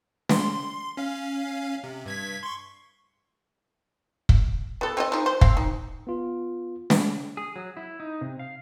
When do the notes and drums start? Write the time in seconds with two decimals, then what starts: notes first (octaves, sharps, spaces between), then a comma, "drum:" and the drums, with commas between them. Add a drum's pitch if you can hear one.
0.29 C6, drum: snare
0.97 C#4 F5
1.84 C3
2.06 G2 G#6 B6
2.43 C6 C#6
4.29 drum: kick
4.81 B3 A4
4.97 C4 A4 D#5
5.12 F3 D#4
5.26 C5
5.41 C4 F5, drum: kick
5.57 D#4
6.07 B3 F4
6.90 drum: snare
7.37 G#4
7.56 F#3
7.77 E4
8.00 D#4
8.21 C3
8.39 F5